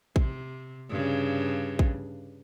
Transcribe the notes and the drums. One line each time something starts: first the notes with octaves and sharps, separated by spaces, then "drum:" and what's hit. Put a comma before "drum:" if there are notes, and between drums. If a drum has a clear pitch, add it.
C3, drum: kick
G2 C#3
drum: kick